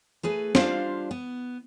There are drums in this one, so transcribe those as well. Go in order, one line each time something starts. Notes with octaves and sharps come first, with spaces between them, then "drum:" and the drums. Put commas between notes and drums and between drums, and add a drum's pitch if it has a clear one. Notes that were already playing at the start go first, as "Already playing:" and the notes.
A3 G#4 B4
G3 D4 F4 C5 F5, drum: snare
B3